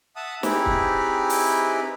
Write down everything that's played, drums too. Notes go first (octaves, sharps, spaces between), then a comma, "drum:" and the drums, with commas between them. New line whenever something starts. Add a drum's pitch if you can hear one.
E5 F#5 A5 D#6
C4 D#4 E4 G4 G#4 B4, drum: snare
drum: kick
drum: open hi-hat